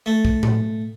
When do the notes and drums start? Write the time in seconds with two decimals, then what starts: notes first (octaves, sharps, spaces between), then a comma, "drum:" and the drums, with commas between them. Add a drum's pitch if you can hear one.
0.06 A3
0.25 drum: kick
0.43 drum: tom A2